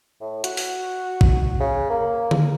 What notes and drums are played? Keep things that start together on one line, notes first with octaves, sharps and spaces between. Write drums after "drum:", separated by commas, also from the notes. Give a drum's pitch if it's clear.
A2
F#4, drum: hi-hat
drum: open hi-hat
drum: kick
C#3
A#3
drum: tom D3